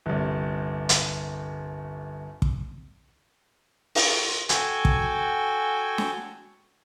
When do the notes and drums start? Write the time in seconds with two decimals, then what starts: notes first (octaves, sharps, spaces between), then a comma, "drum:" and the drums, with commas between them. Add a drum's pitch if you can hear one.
0.06 G1 C2
0.89 drum: hi-hat
2.42 drum: kick
3.95 drum: open hi-hat
4.49 F#4 A4 G5 G#5, drum: hi-hat
4.85 drum: kick
5.98 drum: snare